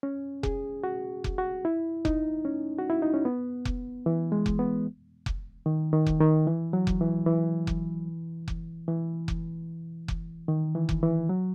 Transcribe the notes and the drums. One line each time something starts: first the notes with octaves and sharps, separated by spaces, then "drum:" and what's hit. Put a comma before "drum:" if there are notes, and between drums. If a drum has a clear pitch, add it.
C#4
G#4, drum: kick F1
F#4
drum: kick F1
F#4
E4
D#4, drum: kick F1
C#4
F#4
E4
D#4
C#4
B3
drum: kick F1
E3
G#3
drum: kick F1
B3
drum: kick F1
D#3
D#3
drum: kick F1
D#3
E3
F#3
drum: kick F1
E3
E3
drum: kick F1
drum: kick F1
E3
drum: kick F1
drum: kick F1
D#3
E3
drum: kick F1
E3
F#3